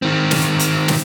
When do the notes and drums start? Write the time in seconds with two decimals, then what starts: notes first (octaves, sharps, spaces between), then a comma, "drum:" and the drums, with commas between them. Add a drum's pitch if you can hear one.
0.02 D#3 C4
0.31 drum: snare
0.59 drum: hi-hat
0.88 drum: snare